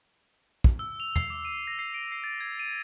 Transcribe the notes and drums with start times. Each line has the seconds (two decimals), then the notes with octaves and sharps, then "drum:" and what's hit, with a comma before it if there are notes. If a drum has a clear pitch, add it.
0.64 drum: kick
0.79 E6
1.00 F7
1.16 C7, drum: tom
1.30 D6
1.45 D#7
1.67 A#6
1.79 C7
1.94 D7
2.12 C7
2.24 A6
2.40 G#6
2.59 D#7